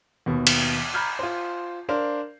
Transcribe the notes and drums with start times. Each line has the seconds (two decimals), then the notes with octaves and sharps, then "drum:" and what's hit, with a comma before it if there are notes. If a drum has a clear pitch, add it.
0.26 D#2 B2
0.47 drum: cymbal
0.94 A#5 B5 F6 G6 G#6
1.19 F4 C5
1.89 D4 A#4 C5 D5 F5